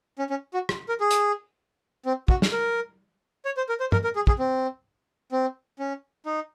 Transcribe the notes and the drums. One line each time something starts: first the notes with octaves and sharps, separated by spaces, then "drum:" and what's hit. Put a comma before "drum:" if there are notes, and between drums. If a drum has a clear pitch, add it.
C#4
C#4
F#4
drum: rim click
A#4
G#4
drum: hi-hat
C4
F#4, drum: kick
drum: snare
A#4
C#5
C5
A#4
C5
A#4, drum: tom
A#4
G#4
G#4, drum: kick
C4
C4
C#4
D#4